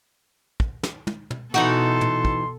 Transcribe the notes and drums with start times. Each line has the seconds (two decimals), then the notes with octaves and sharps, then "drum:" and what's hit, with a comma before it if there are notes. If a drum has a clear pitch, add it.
0.60 drum: kick
0.83 drum: snare
1.07 drum: tom
1.31 drum: tom
1.54 B2 E3 D#4 F#4 A4 C6
2.01 drum: tom
2.25 drum: kick